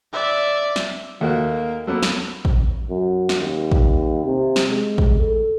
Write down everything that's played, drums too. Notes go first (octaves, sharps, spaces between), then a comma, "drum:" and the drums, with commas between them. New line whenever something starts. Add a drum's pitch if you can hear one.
D5 E5
drum: snare
D#2 A3 A#3 F#4
F#3 A#3 B3 A4
drum: snare
drum: kick
F#2
drum: snare
D#2
drum: kick
C3
drum: snare
G#3
drum: kick
A4